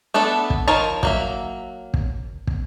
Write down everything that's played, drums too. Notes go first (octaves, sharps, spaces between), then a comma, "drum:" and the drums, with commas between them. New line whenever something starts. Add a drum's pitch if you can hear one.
A3 B3 D4 A4
drum: kick
F3 D#4 A#4 C#5 A5
F#3 A#3 E5, drum: kick
drum: kick
drum: kick